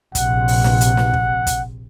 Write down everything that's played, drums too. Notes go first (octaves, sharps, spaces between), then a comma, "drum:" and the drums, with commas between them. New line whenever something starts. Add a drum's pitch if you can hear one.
A#1 C3 F#5, drum: kick, hi-hat
drum: open hi-hat
drum: snare
drum: hi-hat
drum: snare
drum: kick
drum: kick, hi-hat